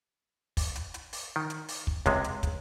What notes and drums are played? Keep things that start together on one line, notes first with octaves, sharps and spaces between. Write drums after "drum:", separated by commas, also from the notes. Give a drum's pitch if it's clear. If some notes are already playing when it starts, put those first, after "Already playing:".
drum: kick, open hi-hat
drum: hi-hat
drum: hi-hat
drum: open hi-hat
D#3
drum: hi-hat
drum: open hi-hat
drum: kick
C#2 C3 G#3, drum: kick, hi-hat
drum: hi-hat
drum: kick, hi-hat